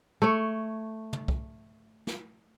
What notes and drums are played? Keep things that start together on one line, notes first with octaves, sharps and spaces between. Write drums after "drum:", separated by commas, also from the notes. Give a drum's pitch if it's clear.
A3 C#5
drum: tom
drum: kick
drum: snare